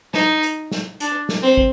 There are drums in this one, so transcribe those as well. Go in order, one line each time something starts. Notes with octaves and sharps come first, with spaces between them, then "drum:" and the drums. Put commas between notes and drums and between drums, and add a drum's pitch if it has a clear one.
D#4, drum: snare
drum: hi-hat
drum: snare
D4, drum: hi-hat
drum: snare
C4
drum: kick